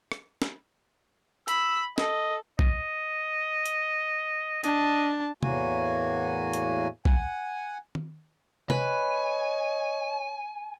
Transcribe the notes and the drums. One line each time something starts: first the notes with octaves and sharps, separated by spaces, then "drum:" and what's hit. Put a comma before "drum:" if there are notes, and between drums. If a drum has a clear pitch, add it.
drum: rim click
drum: snare
B5 E6, drum: hi-hat
A4 D#5, drum: snare
D#5, drum: kick
drum: hi-hat
D4 D#5 A5, drum: hi-hat
E2 A2 A#3 F#4 G#5, drum: tom C3
drum: hi-hat
F#5 G#5, drum: kick
drum: tom D#3
B4 C#5 D#5 G#5, drum: tom C3